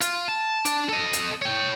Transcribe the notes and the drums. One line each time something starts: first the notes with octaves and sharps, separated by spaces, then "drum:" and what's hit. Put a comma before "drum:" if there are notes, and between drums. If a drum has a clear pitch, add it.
F4, drum: hi-hat
A5
D4, drum: hi-hat
A4 D#5
drum: hi-hat
C#5 G5